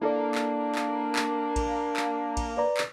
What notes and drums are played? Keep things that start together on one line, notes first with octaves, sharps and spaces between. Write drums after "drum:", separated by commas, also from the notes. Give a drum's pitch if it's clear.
A#3 D4 E4 A4 D5
drum: clap
drum: clap
drum: clap
drum: kick A#1, cymbal
drum: clap
drum: kick A#1, cymbal
B4 D5 A#5
drum: clap